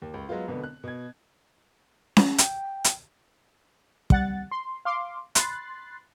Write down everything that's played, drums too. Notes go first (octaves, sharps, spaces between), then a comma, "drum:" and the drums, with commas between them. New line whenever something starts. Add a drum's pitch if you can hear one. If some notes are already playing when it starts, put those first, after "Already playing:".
D#2
C#2
F#3 G#3 B3 F4
G#1 B2 D3 B3
F#6
B2 G#6
drum: snare C#4
G5, drum: hi-hat
drum: hi-hat
G3 F#5 A6, drum: kick
C6
F5 C6 D6
B5 C6 F#6 A6 C7, drum: hi-hat